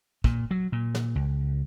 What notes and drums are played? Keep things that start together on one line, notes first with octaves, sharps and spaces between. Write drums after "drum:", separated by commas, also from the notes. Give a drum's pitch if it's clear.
A#2, drum: kick
F#3
A#2
drum: snare
C#2